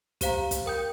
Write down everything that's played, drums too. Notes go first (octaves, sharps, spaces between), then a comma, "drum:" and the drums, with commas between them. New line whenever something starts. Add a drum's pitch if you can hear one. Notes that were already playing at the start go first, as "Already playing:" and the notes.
G4 C5 F5 A#5, drum: kick, hi-hat
drum: kick, hi-hat
A#4 G5 D#6 G6